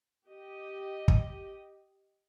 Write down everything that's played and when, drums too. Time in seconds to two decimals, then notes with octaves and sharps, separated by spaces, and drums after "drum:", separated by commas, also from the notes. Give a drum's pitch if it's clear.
0.28 G4 D#5
1.08 drum: kick